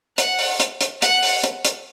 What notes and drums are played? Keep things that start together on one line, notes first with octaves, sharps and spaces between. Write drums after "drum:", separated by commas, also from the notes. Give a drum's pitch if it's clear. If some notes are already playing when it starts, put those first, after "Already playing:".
F#5, drum: hi-hat
drum: open hi-hat
drum: hi-hat
drum: hi-hat
F#5, drum: hi-hat
drum: open hi-hat
drum: hi-hat
drum: hi-hat